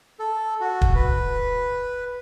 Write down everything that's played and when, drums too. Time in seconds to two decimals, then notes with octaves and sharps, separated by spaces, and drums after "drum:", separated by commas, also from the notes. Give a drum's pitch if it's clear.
0.19 A4
0.61 F#4
0.81 drum: kick
0.95 B4